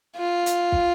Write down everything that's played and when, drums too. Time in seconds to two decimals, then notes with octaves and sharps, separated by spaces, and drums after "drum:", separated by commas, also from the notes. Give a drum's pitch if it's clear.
0.18 F4
0.46 drum: hi-hat
0.72 drum: kick